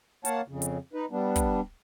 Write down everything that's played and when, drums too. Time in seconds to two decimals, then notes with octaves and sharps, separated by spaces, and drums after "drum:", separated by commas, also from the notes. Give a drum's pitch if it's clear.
0.25 A#3 C#5 F5 F#5 A5, drum: hi-hat
0.48 F2 C#3
0.62 drum: hi-hat
0.93 D#4 B4
1.11 G3 B3 D4
1.36 drum: kick, hi-hat